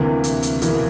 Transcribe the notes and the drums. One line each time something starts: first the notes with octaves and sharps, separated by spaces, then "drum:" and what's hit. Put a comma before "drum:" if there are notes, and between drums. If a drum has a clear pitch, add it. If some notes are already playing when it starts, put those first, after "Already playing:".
Already playing: D2 C3 E3 A#3
drum: hi-hat
drum: hi-hat
E1 E2 E3 A#3, drum: hi-hat